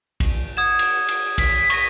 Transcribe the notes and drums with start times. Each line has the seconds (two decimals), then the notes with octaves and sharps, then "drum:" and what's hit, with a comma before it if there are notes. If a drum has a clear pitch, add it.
0.20 drum: kick A#1, cymbal
0.57 F#5 D#6 G#6 E7
0.79 drum: cymbal
1.08 drum: cymbal
1.38 B6, drum: kick A#1, cymbal
1.70 C#6 A#6 D#7, drum: cymbal